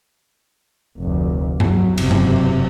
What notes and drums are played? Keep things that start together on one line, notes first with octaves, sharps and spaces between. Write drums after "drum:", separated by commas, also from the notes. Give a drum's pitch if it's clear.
F1 D2
F#3, drum: tom G2
F#1 C3, drum: cymbal
drum: tom G2